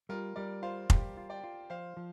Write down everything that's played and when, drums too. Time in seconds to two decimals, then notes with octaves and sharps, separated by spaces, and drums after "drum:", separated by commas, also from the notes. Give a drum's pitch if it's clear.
0.09 G3 F4 A#4
0.36 G3 A#4 D5
0.62 F4 C5 F5
0.90 G3 G4, drum: kick F1
1.17 F4
1.30 D5 G5
1.44 F4
1.70 F3 C5 F5
1.97 F3